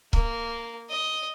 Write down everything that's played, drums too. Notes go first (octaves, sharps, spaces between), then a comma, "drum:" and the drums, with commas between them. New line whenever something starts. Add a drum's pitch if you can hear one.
A#3, drum: kick C#1
D#5